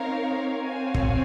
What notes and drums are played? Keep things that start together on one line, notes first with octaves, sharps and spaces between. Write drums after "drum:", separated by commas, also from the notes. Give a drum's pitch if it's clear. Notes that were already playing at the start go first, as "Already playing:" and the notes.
Already playing: C4 D#4 A#4 C#5 F5
C4 F#4 C#5 F5 G#5
drum: kick